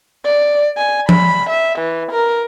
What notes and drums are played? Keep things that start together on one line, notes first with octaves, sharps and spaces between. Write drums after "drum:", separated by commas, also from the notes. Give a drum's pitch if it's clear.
D5
G#5
B5, drum: tom F3
E5
E3
A#4